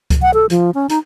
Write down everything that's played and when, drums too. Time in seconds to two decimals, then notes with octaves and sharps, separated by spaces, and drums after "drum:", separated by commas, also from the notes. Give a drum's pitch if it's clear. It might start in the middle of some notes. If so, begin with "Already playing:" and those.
0.10 drum: kick C#2, hi-hat
0.22 F#5
0.34 A4
0.50 F3, drum: hi-hat
0.74 C#4
0.90 D#4, drum: hi-hat